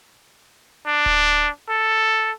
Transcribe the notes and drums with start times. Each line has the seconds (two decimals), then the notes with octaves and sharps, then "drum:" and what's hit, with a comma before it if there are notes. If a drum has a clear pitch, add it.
0.86 D4
1.06 drum: kick D1
1.69 A4